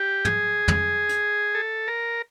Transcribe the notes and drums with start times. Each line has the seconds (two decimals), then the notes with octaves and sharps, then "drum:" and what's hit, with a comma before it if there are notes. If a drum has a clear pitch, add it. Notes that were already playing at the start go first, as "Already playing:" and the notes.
Already playing: G4
0.25 G#4, drum: tom
0.68 drum: tom
1.09 drum: hi-hat
1.55 A4
1.88 A#4